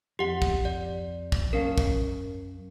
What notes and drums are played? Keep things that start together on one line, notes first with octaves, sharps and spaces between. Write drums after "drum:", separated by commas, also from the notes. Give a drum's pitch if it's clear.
F2 G4 F#5
drum: kick
D5
drum: kick
F#2 C#4 A#4 F5
drum: kick